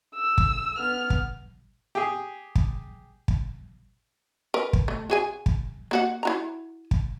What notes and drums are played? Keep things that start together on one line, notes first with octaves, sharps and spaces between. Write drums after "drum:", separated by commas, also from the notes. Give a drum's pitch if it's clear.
E6
drum: kick
B3 F6
drum: kick
G4 G#4
drum: kick
drum: kick
A#4 B4
drum: kick
A3
F#4 G#4 G#5
drum: kick
A#3 F#4 F#5
E4 F#4 A#5
drum: kick